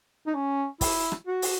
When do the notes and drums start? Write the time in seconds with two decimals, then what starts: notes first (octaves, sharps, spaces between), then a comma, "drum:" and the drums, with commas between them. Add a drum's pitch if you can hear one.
0.27 D#4
0.35 C#4
0.81 E4, drum: kick, open hi-hat
1.12 drum: rim click
1.27 F#4
1.42 drum: open hi-hat